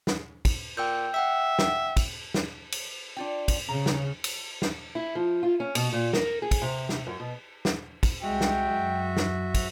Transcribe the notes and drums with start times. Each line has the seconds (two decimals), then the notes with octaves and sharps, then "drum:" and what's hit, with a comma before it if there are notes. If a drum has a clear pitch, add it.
0.07 drum: snare
0.45 drum: kick, cymbal
0.77 A#2 G5 E6 G6
1.14 E5 F#5 G5 E6
1.59 drum: snare
1.97 drum: kick, cymbal
2.34 drum: snare
2.72 drum: cymbal
3.17 D4 F4 G5
3.48 drum: kick, cymbal
3.69 C#3 A#5
3.86 drum: snare
4.24 drum: cymbal
4.62 drum: snare
4.95 E4
5.15 F3
5.43 F4
5.60 C#4
5.75 B2, drum: cymbal
5.93 A#2
6.13 A#4, drum: snare
6.42 G#4
6.51 drum: kick, cymbal
6.62 C3
6.89 drum: snare
7.07 F#2
7.20 B2
7.65 drum: snare
8.03 drum: kick, cymbal
8.23 C2 G#3 F#4 E5 G5
8.41 drum: snare
8.74 F#2
9.17 drum: snare
9.54 drum: kick, cymbal